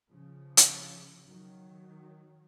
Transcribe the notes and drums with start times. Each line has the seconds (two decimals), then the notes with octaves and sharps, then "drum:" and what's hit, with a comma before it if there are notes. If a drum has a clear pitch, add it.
0.11 C#3 F3
0.57 drum: hi-hat
1.26 D#3 F#3